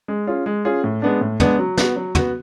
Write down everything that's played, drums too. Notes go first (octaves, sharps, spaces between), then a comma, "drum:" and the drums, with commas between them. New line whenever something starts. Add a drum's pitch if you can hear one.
G#3
C#4 F4 G#4
G#3
C#4 F4 G#4
A2
G#3 B3 D4
A2
G#3 B3 D4, drum: tom
F#3
B3 F#4, drum: snare
F#3
B3 F#4, drum: tom